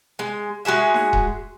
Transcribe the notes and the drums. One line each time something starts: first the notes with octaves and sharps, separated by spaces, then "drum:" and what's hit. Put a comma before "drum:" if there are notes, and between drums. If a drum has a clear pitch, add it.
G#3
G#3 F#4 G#4 E5
drum: snare D#4
drum: kick D#1